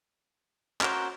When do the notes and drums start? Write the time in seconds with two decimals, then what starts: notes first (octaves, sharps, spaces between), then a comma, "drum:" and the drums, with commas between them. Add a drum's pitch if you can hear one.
0.81 C#4 F#4 A#4 C5, drum: clap